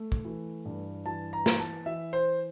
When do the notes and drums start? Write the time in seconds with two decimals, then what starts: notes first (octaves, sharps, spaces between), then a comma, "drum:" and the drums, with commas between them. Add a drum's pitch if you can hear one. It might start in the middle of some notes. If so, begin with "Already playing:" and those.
Already playing: A3
0.12 drum: kick
0.25 E3
0.65 G2
1.06 E3 A5
1.33 A#5
1.46 E3, drum: snare
1.59 A5
1.86 E3 E5
2.13 C5